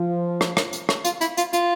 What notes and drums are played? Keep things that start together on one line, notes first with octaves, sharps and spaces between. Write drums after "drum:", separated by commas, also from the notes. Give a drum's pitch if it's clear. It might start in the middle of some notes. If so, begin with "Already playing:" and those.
Already playing: F3
drum: rim click
drum: rim click
drum: hi-hat
drum: rim click
F4, drum: hi-hat
E4, drum: hi-hat
F4, drum: hi-hat
F4, drum: hi-hat